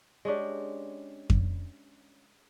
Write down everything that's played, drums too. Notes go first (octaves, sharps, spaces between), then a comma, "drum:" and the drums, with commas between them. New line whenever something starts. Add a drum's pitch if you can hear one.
G#3 C#4 D4 G4
drum: kick F2